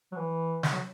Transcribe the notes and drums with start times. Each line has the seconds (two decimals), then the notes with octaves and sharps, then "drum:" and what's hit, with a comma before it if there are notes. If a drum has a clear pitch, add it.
0.12 F#3
0.17 E3
0.63 drum: snare
0.73 F#3